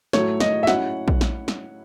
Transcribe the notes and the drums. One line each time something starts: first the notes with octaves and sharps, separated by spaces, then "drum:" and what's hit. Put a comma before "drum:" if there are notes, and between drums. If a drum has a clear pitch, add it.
A2 F#3 A3 C#5, drum: snare
D#5, drum: snare
E5
F#3 C#4 E4 F#5, drum: snare
drum: kick A#1
drum: snare
drum: snare